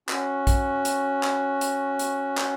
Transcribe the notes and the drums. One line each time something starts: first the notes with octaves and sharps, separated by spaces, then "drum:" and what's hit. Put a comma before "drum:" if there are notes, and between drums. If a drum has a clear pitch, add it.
C#4 F#4, drum: clap
drum: kick, hi-hat
drum: hi-hat
drum: clap
drum: hi-hat
drum: hi-hat
drum: clap